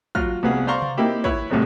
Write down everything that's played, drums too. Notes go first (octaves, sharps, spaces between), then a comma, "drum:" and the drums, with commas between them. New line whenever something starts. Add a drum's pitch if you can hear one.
F#3 F4 F6, drum: kick
C2 F2 B3 G#4 F5 F#5
C5 D5 F5 A#5 C6 C#6
drum: tom C3
A#3 C4 D#4 E4 G4
E4 B4 C#5, drum: kick
C2 A2 C3 F#3 G#3 A3